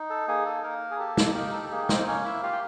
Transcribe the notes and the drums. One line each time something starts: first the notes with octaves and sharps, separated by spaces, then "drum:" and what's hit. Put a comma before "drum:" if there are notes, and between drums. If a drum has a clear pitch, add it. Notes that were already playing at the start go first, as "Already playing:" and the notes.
Already playing: D#4
A4
A#3 G#4
A4
A#3 A#4
G#4
G4 A4
drum: snare
A#3 D#4 A#4
A4
A4
A#3 G#4
C4 C5, drum: snare
A#3 C#4 C#5
E4 E5
F4 G4 F5
G5